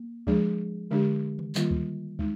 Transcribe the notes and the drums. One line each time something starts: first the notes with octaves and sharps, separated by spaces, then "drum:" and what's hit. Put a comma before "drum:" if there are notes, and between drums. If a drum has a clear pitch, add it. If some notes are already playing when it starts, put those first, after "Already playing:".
Already playing: A#3
F3 G#3 D4 G#4, drum: kick
D3 G#3 D4 G4
drum: tom D#3
D#3 G3 A#3 F4, drum: clap
drum: kick
G#3 D#4, drum: kick